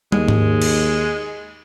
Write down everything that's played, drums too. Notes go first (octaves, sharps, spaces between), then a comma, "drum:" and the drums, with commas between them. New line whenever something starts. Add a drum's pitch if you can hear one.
D#2 G#3, drum: tom
drum: tom G#2
drum: cymbal